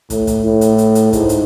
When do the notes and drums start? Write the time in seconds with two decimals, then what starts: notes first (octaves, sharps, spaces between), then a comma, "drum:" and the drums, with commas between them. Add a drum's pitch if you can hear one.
0.10 A2, drum: kick, hi-hat
0.27 drum: kick, hi-hat
0.44 A2
0.61 drum: hi-hat
0.78 drum: hi-hat
0.95 drum: hi-hat
1.13 G#2, drum: kick, hi-hat
1.29 drum: hi-hat